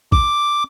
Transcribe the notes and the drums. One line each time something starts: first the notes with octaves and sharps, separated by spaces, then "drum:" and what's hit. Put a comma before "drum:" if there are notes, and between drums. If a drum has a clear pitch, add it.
D6, drum: kick A#1